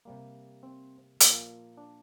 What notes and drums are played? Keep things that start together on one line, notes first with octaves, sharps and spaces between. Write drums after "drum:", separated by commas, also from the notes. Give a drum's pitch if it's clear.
C3 G3 A#3
C4
A#2 F3 A#3, drum: hi-hat
D4